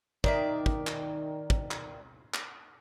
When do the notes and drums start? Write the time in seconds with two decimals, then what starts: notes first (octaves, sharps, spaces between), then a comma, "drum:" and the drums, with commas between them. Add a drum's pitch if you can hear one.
0.24 D#3 D5 E5, drum: kick
0.66 drum: kick
0.87 drum: clap
1.50 drum: kick
1.71 drum: clap
2.34 drum: clap